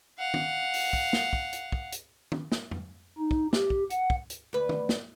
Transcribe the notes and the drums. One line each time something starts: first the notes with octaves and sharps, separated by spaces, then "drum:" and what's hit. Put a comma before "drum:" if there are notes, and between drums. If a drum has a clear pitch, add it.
F5 F#5
drum: tom
drum: open hi-hat
drum: kick
drum: snare
drum: kick
drum: hi-hat
drum: kick
drum: hi-hat
drum: tom
drum: snare
drum: tom F2
D#4
drum: kick
G4, drum: snare
drum: kick
F#5, drum: hi-hat
drum: kick
drum: hi-hat
D2 B4
drum: tom
drum: snare